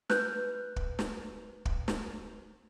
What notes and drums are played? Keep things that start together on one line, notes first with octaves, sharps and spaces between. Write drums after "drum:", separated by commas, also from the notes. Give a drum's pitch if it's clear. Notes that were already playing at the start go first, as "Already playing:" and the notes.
B4 F#6 G6, drum: snare
drum: kick
drum: snare
drum: kick
drum: snare